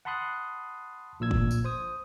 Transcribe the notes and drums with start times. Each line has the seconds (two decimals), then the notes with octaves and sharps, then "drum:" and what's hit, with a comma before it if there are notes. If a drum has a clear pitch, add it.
0.05 F#5 A5 B5 C6 D#6 F#6
1.20 A#1 A#2 E6 G#6
1.31 drum: kick
1.51 drum: tambourine
1.65 C5 D#6